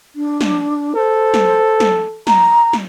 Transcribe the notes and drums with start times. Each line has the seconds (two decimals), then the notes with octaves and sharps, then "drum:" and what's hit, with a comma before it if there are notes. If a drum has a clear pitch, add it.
0.15 D4
0.41 drum: snare
0.95 A4 C5
1.34 drum: snare
1.80 drum: snare
2.27 A#5, drum: snare
2.73 drum: snare